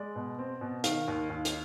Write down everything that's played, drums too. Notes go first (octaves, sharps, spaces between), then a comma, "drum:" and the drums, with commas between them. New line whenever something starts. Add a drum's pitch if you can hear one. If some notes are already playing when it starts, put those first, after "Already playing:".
Already playing: G#3 D5
B2
C4
B2
D#3 F5, drum: hi-hat
D#2
D#2
drum: hi-hat